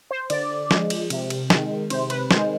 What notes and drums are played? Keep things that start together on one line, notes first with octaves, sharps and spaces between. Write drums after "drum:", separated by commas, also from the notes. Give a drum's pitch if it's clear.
C5
D3 D5, drum: cymbal
F3 G#3, drum: snare
drum: cymbal
C3, drum: cymbal
drum: cymbal
D#3 G#3, drum: snare
C3 C5, drum: cymbal
B4, drum: cymbal
D#3 G#3 C5, drum: snare